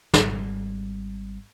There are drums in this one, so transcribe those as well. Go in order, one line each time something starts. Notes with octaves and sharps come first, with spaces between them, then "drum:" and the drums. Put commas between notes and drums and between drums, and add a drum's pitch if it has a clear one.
G#1 G3, drum: snare